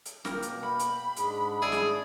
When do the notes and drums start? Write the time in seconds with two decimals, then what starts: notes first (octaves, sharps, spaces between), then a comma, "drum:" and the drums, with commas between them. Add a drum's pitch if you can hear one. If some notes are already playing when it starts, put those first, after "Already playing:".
0.06 drum: hi-hat
0.25 B2 A#3 A#4 G5, drum: snare
0.43 drum: hi-hat
0.63 B5
0.80 drum: hi-hat
1.17 G#2 G#3 D4, drum: hi-hat
1.62 E4 G#4 D5
1.72 drum: snare